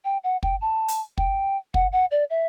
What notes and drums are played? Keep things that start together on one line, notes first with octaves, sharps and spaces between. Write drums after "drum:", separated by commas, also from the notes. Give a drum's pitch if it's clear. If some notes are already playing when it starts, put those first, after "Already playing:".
G5
F#5
G5, drum: kick
A5
drum: hi-hat
G5, drum: kick
F#5, drum: kick
F#5
D5
E5